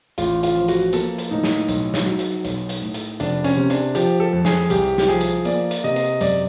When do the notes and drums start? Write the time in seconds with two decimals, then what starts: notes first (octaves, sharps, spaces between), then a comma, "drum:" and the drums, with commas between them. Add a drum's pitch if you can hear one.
0.18 A1 F4, drum: hi-hat
0.43 F4, drum: hi-hat
0.56 F3
0.68 F#4, drum: hi-hat
0.93 A#3 A4, drum: hi-hat
1.18 drum: hi-hat
1.31 A2 D#4
1.44 drum: snare
1.68 B1, drum: hi-hat
1.94 drum: snare
2.06 F#3
2.19 drum: hi-hat
2.45 B1, drum: hi-hat
2.69 drum: hi-hat
2.82 A2
2.94 drum: hi-hat
3.20 F1 D4, drum: hi-hat
3.44 C#4, drum: hi-hat
3.57 C3
3.70 D4, drum: hi-hat
3.95 F3 G4, drum: hi-hat
4.20 A4
4.33 F2
4.45 G#4, drum: snare
4.70 C2 G4, drum: hi-hat
4.98 G4, drum: snare
5.08 F3 G#4
5.21 drum: hi-hat
5.45 A#3 D5, drum: hi-hat
5.71 drum: hi-hat
5.84 C3 D#5
5.96 drum: hi-hat
6.21 F#2 D5, drum: hi-hat